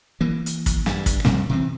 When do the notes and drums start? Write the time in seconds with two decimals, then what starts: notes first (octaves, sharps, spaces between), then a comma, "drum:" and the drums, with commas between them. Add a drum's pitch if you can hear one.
0.21 E3 A#3
0.46 drum: hi-hat
0.66 drum: kick, hi-hat
0.86 G2, drum: snare
1.06 drum: kick, hi-hat
1.25 F2 C3 G3 A#3, drum: snare
1.49 C3 E3 C4